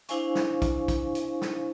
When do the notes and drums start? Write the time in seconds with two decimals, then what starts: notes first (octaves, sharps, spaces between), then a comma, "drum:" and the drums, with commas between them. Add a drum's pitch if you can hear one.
0.09 D4 E4 C5 F5 G#5 C#6, drum: hi-hat
0.35 drum: snare
0.62 drum: kick, hi-hat
0.88 drum: kick, hi-hat
1.15 drum: hi-hat
1.41 drum: snare